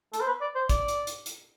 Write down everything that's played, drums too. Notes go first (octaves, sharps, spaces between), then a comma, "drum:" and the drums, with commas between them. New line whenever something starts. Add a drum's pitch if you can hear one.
A4, drum: hi-hat
C5
B4
D5
C5
D5, drum: kick A#1, hi-hat
drum: hi-hat
drum: hi-hat
drum: hi-hat